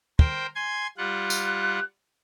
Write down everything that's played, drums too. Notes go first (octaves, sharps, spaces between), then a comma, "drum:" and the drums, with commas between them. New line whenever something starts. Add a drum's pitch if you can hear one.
A#4 C5 G5, drum: kick
G#5 C6 G#6
G3 F4 F#5 F#6
drum: tambourine